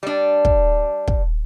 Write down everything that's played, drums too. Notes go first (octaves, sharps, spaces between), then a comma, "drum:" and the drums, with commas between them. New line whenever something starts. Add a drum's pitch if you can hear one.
G3 D4
drum: kick
drum: kick